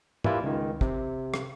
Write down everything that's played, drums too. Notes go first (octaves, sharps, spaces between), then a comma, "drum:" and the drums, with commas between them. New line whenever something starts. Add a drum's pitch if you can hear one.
E3 G3 A#3 E4 F4, drum: tom
C#2 D#3
C3, drum: kick
drum: rim click